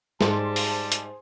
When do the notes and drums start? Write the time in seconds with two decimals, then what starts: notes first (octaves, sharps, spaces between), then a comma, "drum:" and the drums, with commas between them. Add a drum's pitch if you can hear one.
0.21 G#2 G3 G#4 C5 A5 C6, drum: snare
0.56 drum: open hi-hat
0.92 drum: hi-hat